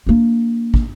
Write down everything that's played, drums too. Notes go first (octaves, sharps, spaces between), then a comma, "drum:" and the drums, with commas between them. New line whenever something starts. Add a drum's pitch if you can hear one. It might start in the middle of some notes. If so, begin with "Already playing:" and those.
A#3 D4
drum: kick